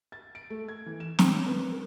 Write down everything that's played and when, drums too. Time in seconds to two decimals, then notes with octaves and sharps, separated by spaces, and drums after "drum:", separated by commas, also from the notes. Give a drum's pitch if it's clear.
0.12 A6
0.35 D7
0.50 A3
0.68 G#6
0.86 E3
1.00 E7
1.19 C4, drum: snare
1.34 C#4
1.46 B4
1.72 A#4